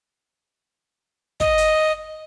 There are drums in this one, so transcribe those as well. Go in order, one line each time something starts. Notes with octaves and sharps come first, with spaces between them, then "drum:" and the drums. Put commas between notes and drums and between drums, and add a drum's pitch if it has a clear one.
D#5, drum: kick
drum: hi-hat